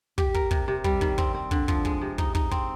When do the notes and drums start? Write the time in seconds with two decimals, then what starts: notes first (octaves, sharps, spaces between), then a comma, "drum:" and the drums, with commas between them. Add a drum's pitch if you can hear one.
0.18 G4, drum: kick
0.34 A#4, drum: kick
0.51 C3, drum: kick
0.68 C3
0.84 G3, drum: kick
1.01 D#3, drum: kick
1.18 C4, drum: kick
1.35 C4
1.51 D3, drum: kick
1.68 F3, drum: kick
1.85 G#3, drum: kick
2.02 C3
2.18 D#4, drum: kick
2.35 D#4, drum: kick
2.51 C4, drum: kick